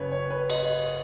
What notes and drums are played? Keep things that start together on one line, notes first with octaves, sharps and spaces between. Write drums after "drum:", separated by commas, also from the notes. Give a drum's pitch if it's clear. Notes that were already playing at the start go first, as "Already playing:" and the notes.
Already playing: F#1 F#2 C#3 B4 C#5
C#5
B4
D#5, drum: cymbal